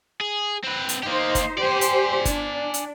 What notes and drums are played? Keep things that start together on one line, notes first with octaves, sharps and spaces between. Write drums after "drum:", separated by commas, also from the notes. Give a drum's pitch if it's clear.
G#4
C4 B4
drum: hi-hat
A#3 D#4 G4 C5
drum: kick, hi-hat
G4 C5 D5 G#5
drum: hi-hat
D4, drum: kick, hi-hat
drum: hi-hat